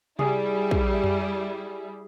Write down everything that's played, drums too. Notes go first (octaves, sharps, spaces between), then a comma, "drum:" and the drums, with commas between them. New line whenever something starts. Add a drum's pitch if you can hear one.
G3 E4 G#4, drum: tom C3
drum: kick
drum: tom F2